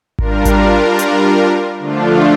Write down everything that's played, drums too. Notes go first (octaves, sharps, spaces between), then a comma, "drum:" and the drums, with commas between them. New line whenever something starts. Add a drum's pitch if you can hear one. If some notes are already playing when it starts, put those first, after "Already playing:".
G3 D4 F4 A#4, drum: kick G#1
drum: kick G#1, hi-hat
drum: hi-hat
D3 F3 A3 D4 F4